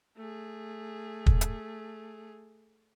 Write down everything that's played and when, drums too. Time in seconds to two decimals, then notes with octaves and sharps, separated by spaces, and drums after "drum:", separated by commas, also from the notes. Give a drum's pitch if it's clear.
0.17 A3 G#4
1.26 drum: kick
1.41 drum: hi-hat